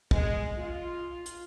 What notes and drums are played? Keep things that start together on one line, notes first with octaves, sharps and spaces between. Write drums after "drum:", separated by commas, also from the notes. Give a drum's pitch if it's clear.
G#3, drum: kick
F4
drum: hi-hat